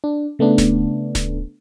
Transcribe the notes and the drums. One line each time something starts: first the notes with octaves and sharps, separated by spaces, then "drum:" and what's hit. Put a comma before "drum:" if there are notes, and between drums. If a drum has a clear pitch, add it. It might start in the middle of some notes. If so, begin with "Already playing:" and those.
D4
C#3 A3 B3 D4
drum: snare D1
drum: snare D1